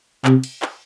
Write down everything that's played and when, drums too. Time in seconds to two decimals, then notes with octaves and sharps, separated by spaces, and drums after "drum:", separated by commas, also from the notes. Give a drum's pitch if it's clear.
0.25 C3, drum: clap
0.44 drum: cymbal
0.62 drum: clap